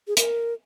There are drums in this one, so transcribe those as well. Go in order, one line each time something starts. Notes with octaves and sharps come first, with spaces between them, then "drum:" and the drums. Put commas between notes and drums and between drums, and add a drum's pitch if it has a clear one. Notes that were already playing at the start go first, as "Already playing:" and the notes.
G#4
A#4, drum: hi-hat